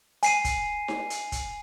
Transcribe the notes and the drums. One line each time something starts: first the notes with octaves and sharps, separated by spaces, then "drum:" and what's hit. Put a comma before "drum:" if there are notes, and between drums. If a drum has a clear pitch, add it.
G#5 C7 D#7, drum: hi-hat
drum: kick, hi-hat
drum: snare D#4
drum: hi-hat
drum: kick, hi-hat